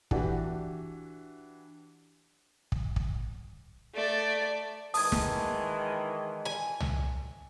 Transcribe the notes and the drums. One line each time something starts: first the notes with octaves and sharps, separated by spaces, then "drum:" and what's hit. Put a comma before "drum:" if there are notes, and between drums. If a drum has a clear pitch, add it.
E3 D4 F#4 G4, drum: kick
drum: kick
drum: kick
A3 D5
D#3 E3 G#3 A5 D#6 G#6, drum: open hi-hat
drum: snare
G#5
drum: tom